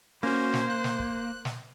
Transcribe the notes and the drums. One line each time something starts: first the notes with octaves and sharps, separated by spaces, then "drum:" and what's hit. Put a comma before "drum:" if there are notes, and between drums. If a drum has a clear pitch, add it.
A#3 C#4 F#4 C5
drum: snare
F#6
drum: snare
drum: kick
drum: snare